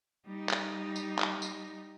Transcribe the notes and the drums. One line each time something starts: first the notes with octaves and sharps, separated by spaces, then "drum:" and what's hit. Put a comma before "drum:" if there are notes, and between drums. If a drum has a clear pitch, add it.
G3 D#4
drum: clap
drum: tambourine
drum: clap
drum: tambourine